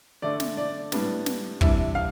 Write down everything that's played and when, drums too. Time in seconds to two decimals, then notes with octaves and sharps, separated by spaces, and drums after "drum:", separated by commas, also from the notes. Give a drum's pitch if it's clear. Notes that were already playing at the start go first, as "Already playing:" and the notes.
0.22 D3 A3 D4 D5
0.40 drum: snare
0.57 D5
0.92 A2 G3 B3 D4, drum: snare
1.26 drum: snare
1.61 C3 E3 G3 D4 E5, drum: kick
1.95 F5